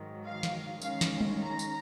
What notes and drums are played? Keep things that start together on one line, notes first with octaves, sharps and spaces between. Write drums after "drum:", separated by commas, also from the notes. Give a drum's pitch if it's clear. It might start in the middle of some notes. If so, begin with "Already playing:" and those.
Already playing: G#2 D#3 F#3
F5
drum: snare
D#3 G#3 C#4 F5, drum: tambourine
drum: snare
drum: tom G3
A#5
drum: tambourine